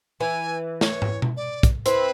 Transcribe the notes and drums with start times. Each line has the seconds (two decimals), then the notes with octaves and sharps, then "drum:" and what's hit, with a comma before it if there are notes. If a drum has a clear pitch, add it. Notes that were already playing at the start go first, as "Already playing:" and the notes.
0.21 E3 G#5
0.81 C#5, drum: snare
1.02 drum: tom
1.22 drum: tom B2
1.37 D5
1.63 drum: kick, hi-hat
1.86 C4 E4 B4, drum: hi-hat